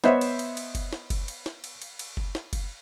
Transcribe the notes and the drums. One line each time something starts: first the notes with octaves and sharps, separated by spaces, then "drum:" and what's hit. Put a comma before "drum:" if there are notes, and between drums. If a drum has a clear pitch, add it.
B3 C5 C#5 D#5 E5, drum: snare
drum: cymbal
drum: cymbal
drum: cymbal
drum: kick F#1, cymbal
drum: snare
drum: kick F#1, cymbal
drum: cymbal
drum: snare
drum: cymbal
drum: cymbal
drum: cymbal
drum: kick F#1
drum: snare
drum: kick F#1, cymbal